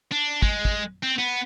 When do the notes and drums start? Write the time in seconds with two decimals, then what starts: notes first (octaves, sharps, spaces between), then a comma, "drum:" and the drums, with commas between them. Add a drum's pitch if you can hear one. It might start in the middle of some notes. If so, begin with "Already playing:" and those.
0.12 D4
0.42 G#3, drum: kick
0.65 drum: kick
1.03 C4
1.19 B3